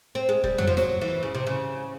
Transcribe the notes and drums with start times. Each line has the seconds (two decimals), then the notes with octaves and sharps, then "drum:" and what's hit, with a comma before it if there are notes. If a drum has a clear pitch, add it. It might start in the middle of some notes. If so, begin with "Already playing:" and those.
0.15 C4
0.29 G#3
0.44 G3, drum: kick F1
0.58 F#3, drum: tom F2
0.67 F3
0.77 F#3, drum: snare
1.01 E3
1.23 C#3
1.35 C3
1.47 C#3